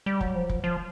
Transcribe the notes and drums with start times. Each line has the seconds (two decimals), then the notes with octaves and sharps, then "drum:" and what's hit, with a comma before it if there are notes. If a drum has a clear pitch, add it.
0.06 G3
0.21 F#3, drum: kick
0.35 F3
0.49 drum: kick
0.64 F3